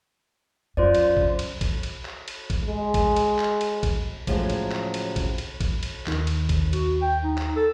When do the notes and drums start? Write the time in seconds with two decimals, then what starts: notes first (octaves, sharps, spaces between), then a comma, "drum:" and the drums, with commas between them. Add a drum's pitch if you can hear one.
0.77 F#2 F4 C5 D5
0.95 drum: cymbal
1.17 drum: kick
1.39 drum: cymbal
1.61 drum: kick, cymbal
1.83 drum: cymbal
2.05 drum: clap
2.28 drum: cymbal
2.50 drum: kick, cymbal
2.64 G#3
2.94 drum: kick, cymbal
3.16 drum: cymbal
3.39 drum: clap
3.61 drum: cymbal
3.83 drum: kick, cymbal
4.27 A2 C#3 F3 F#3 G#3, drum: kick, cymbal
4.50 drum: cymbal
4.72 drum: clap
4.94 drum: cymbal
5.16 drum: kick, cymbal
5.38 drum: cymbal
5.60 drum: kick, cymbal
5.83 drum: cymbal
6.06 D#2 D#3, drum: clap
6.27 drum: cymbal
6.49 drum: kick, cymbal
6.73 F#4, drum: cymbal
7.02 G5
7.24 D#4
7.38 drum: clap
7.56 A4